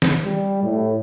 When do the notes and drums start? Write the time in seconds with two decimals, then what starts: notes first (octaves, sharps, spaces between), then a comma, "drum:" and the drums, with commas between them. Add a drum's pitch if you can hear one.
0.02 drum: snare
0.24 G3
0.63 A2